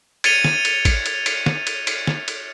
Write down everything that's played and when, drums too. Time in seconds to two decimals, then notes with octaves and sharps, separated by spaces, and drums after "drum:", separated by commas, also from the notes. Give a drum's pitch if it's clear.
0.24 G#6 A6 C#7 D#7 F7 G7, drum: cymbal
0.44 drum: snare
0.65 drum: cymbal
0.85 drum: kick, cymbal
1.06 drum: cymbal
1.26 drum: cymbal
1.46 drum: snare
1.67 drum: cymbal
1.87 drum: cymbal
2.07 drum: snare
2.28 drum: cymbal